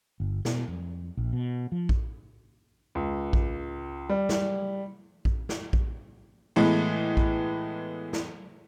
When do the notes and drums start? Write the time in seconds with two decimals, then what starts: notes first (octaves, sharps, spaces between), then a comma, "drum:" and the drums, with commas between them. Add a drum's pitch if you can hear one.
0.20 G1
0.45 B2, drum: snare
0.68 F2
1.17 A#1
1.33 B2
1.72 F3
1.89 drum: kick A#1
2.95 C#2
3.33 drum: kick A#1
4.09 G3
4.29 drum: snare
5.25 drum: kick A#1
5.49 drum: snare
5.73 drum: kick A#1
6.56 A2 E3 G#3 B3
7.17 drum: kick A#1
8.13 drum: snare